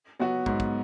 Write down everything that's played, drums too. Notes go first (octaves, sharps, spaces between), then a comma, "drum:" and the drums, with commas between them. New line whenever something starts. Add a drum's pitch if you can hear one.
F#3 B3 F#4
G#2, drum: kick
drum: kick